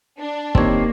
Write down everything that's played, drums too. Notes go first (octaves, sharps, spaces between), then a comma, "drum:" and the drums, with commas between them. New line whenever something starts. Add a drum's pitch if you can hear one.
D4
D#3 A#3 C4 D#4 G4 C#5, drum: kick